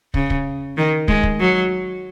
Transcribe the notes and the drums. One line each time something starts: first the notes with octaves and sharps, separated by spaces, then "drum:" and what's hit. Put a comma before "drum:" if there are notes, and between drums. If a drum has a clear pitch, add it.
C#3, drum: kick
drum: kick
D#3
G#3, drum: kick
drum: kick
F#3